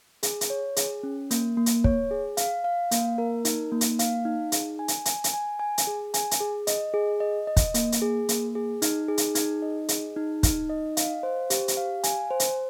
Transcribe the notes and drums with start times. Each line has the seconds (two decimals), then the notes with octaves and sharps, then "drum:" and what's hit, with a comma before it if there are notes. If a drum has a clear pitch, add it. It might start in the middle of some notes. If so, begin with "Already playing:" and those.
0.23 G#4, drum: hi-hat
0.41 drum: hi-hat
0.50 C#5
0.76 G#4, drum: hi-hat
1.03 C#4
1.31 A#3, drum: hi-hat
1.57 A#3
1.66 drum: hi-hat
1.84 C#5, drum: kick
2.11 G#4
2.37 F5, drum: hi-hat
2.64 F5
2.91 A#3, drum: hi-hat
3.18 A#4
3.45 D#4, drum: hi-hat
3.72 A#3
3.81 drum: hi-hat
3.99 F5, drum: hi-hat
4.25 D#4
4.52 G#4, drum: hi-hat
4.79 G#5
4.88 drum: hi-hat
5.05 G#5, drum: hi-hat
5.24 drum: hi-hat
5.33 G#5
5.60 G#5
5.78 drum: hi-hat
5.87 G#4
6.14 G#5, drum: hi-hat
6.31 drum: hi-hat
6.41 G#4
6.67 D#5, drum: hi-hat
6.94 G#4
7.20 D#5
7.47 D#5
7.57 drum: kick, hi-hat
7.74 A#3, drum: hi-hat
7.92 drum: hi-hat
8.02 G#4
8.29 A#3, drum: hi-hat
8.55 G#4
8.82 D#4, drum: hi-hat
9.08 G#4
9.18 drum: hi-hat
9.35 D#4, drum: hi-hat
9.62 D#5
9.89 G#4, drum: hi-hat
10.16 D#4
10.43 D#4, drum: kick, hi-hat
10.70 D#5
10.97 F5, drum: hi-hat
11.23 C5
11.50 G4, drum: hi-hat
11.68 drum: hi-hat
11.77 F5
12.04 G#5, drum: hi-hat
12.31 C5
12.40 drum: hi-hat